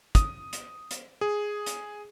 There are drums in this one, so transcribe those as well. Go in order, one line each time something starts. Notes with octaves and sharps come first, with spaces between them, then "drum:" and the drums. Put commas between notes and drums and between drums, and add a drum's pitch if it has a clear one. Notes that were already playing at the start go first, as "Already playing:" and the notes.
D#6, drum: kick, hi-hat
drum: hi-hat
drum: hi-hat
G#4
drum: hi-hat